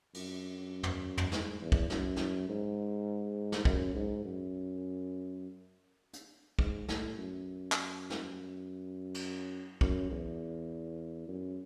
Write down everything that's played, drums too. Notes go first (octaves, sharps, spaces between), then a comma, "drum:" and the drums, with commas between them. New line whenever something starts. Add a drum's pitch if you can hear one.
F#2, drum: cymbal
drum: tom
drum: tom
G#2, drum: snare
E2
drum: kick B1
F#2, drum: snare
drum: snare
G#2
drum: snare
F#2, drum: kick B1
G#2
F#2
drum: hi-hat
G#2, drum: kick B1
A2, drum: snare
F#2
drum: clap
drum: snare
drum: cymbal
F#2, drum: kick B1
E2
F#2